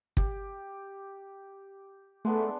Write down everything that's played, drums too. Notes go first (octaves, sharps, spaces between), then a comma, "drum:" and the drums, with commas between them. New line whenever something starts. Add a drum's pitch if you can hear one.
G4, drum: kick
G#3 A3 B3 D4